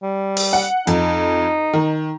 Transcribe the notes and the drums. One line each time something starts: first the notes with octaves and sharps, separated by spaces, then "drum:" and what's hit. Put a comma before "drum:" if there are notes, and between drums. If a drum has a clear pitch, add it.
G3
drum: open hi-hat
F#5
F2 D#4, drum: hi-hat
D#3